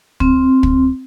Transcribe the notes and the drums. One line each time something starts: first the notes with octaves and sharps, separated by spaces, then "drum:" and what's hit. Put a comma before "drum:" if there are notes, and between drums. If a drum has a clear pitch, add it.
C4, drum: kick
drum: kick